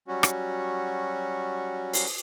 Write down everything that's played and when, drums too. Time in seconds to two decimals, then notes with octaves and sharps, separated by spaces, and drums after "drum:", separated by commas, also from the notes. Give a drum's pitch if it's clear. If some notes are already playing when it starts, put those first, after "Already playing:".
0.08 F#3 G3 C#4 F#4
0.23 drum: rim click
1.93 drum: open hi-hat